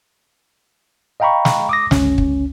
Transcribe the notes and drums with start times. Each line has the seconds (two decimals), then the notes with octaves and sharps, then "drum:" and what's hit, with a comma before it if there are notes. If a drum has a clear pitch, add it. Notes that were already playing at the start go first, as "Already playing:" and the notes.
1.20 D#5 F5 G5 A#5 B5 C#6
1.45 drum: snare
1.69 D6 D#6 A#6
1.91 G1 C#2 C#4, drum: snare
2.18 drum: kick